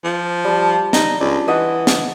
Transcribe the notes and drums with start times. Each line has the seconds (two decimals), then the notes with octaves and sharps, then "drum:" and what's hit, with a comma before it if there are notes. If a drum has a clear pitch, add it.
0.04 F3
0.45 G3 A5
0.93 D#4, drum: snare
1.21 C#2 D4
1.48 E3 D#5 F#5
1.87 drum: snare